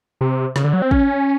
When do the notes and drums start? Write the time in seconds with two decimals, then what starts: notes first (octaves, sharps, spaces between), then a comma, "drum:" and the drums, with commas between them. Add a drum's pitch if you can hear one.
0.21 C3
0.56 C#3, drum: snare
0.64 D3
0.73 F#3
0.82 C4
0.91 C#4, drum: kick